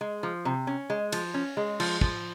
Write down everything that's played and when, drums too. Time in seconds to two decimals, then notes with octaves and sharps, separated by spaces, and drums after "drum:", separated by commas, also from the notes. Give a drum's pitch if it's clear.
0.01 G#3
0.23 F3
0.45 C3
0.67 C#4
0.90 G#3
1.12 F3, drum: cymbal
1.34 C#4
1.57 G#3
1.80 F3, drum: cymbal
2.01 F3, drum: kick